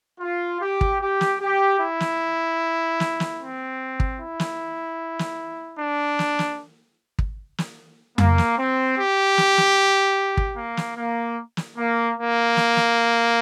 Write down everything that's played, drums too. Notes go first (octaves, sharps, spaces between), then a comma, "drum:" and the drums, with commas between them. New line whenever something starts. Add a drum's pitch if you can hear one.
F4
G4
drum: kick
G4
drum: snare
G4
E4
drum: snare
drum: snare
drum: snare
C4
drum: kick
E4
drum: snare
drum: snare
D4
drum: snare
drum: snare
drum: kick
drum: snare
A#3, drum: tom F2
drum: snare
C4
G4
drum: snare
drum: snare
drum: kick
A#3
drum: snare
A#3
drum: snare
A#3
A#3
drum: snare
drum: snare